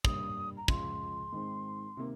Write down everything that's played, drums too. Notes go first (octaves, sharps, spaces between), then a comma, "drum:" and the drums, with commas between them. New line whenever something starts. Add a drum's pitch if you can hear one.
G2 G3 A#3 D#6, drum: kick
A#5
C#2 C#3 F3 G#3 C6, drum: kick
G#2 D#3 G#3 C4
C3 D#3 A#3